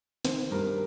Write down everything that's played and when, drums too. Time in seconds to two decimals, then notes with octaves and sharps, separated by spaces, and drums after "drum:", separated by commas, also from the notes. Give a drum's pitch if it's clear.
0.25 D#3 C5, drum: snare
0.51 G2 A#4